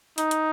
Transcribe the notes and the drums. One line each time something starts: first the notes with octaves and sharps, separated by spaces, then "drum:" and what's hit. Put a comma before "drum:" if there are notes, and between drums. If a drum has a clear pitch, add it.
D#4, drum: hi-hat
drum: hi-hat